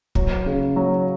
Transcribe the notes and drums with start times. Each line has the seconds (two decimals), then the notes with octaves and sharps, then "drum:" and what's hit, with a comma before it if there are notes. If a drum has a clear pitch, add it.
0.15 F#3, drum: kick
0.46 C#3
0.76 F#3